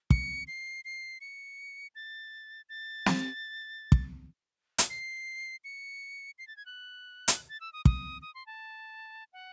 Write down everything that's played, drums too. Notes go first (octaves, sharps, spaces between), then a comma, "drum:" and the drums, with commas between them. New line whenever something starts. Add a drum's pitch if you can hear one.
C#7, drum: kick
C7
C7
C#7
A6
A6
drum: snare
drum: kick
drum: hi-hat
C7
C#7
C7
A6
G#6
F#6
drum: hi-hat
A6
E6
D#6
D#6, drum: kick
D#6
C6
A5
F#5